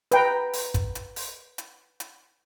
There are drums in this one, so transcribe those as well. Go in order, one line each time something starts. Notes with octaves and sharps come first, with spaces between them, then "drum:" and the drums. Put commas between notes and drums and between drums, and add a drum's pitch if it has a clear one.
B4 G5 A#5, drum: hi-hat
drum: open hi-hat
drum: kick, hi-hat
drum: hi-hat
drum: open hi-hat
drum: hi-hat
drum: hi-hat